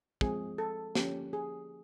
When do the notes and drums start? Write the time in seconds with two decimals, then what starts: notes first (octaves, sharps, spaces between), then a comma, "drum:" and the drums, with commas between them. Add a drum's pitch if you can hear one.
0.21 F3 G#3 C4 G#4, drum: kick
0.58 A4
0.95 D3 F3 A#3 C#4 G4, drum: snare
1.33 G#4